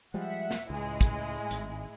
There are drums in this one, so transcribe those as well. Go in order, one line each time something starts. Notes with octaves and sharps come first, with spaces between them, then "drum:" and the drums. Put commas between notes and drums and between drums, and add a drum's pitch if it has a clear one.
F3 G3 G#3 E5 F#5
drum: snare
C#2 A2 G#3 E4
drum: kick, hi-hat
G#1, drum: hi-hat